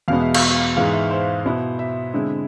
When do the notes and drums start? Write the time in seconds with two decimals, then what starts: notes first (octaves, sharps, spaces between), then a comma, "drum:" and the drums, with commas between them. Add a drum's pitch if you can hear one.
0.08 E2 B2 G#3 B3 F5
0.21 E5
0.34 F5, drum: cymbal
0.76 G#2 E3 G#3 F5
0.93 E5
1.11 C5
1.46 B2 B3 E4
1.79 E5
2.13 D3 G#3 C4 E4